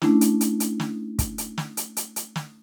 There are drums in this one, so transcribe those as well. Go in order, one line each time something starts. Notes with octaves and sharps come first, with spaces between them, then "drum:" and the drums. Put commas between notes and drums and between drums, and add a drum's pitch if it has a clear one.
A3 C#4 D4 E4, drum: snare
drum: hi-hat
drum: hi-hat
drum: hi-hat
drum: snare
drum: kick, hi-hat
drum: hi-hat
drum: snare
drum: hi-hat
drum: hi-hat
drum: hi-hat
drum: snare